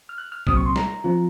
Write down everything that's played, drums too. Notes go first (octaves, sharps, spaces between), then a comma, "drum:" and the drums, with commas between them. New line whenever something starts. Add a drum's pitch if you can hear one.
F6
F#6
F6
C2 A#2 F#3 C4 D#6, drum: kick G#1
C#6
C6
A#5, drum: snare
F3 C4 F4